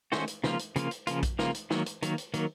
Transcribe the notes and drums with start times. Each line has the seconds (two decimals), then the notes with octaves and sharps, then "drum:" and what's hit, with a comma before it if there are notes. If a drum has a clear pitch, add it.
0.12 D#3 A3 C#4 F#4 C5, drum: snare
0.28 drum: hi-hat
0.44 C#3 F3 A#3 F4, drum: snare
0.59 drum: hi-hat
0.76 C#3 F3 A#3 F4, drum: hi-hat
0.91 drum: hi-hat
1.07 C#3 F3 A#3 F4, drum: hi-hat
1.23 drum: kick A#1, hi-hat
1.39 C#3 F3 A#3 F4, drum: snare
1.55 drum: hi-hat
1.70 D#3 F#3 A#3, drum: snare
1.86 drum: hi-hat
2.02 D#3 F#3 A#3, drum: hi-hat
2.18 drum: hi-hat
2.34 D#3 F#3 A#3, drum: hi-hat